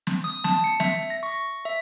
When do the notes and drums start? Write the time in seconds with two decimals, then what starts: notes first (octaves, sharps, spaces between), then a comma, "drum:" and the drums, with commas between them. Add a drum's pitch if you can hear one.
0.07 drum: snare
0.24 D#6
0.44 A5, drum: snare
0.64 C#7
0.80 E5, drum: snare
1.10 A#6
1.23 C#6
1.65 E5